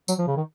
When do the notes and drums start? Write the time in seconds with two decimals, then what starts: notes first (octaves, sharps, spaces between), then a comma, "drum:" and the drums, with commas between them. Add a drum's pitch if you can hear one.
0.08 F#3, drum: tambourine
0.18 F3
0.27 C#3
0.37 D#3